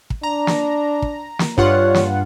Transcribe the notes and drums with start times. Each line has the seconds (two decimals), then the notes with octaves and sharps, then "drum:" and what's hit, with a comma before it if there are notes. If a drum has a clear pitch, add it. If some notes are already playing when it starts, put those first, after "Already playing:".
0.10 drum: kick
0.23 D4 A#5
0.47 drum: snare
1.02 drum: kick
1.39 drum: snare
1.58 G2 F4 C#5 F#5, drum: kick
1.94 drum: snare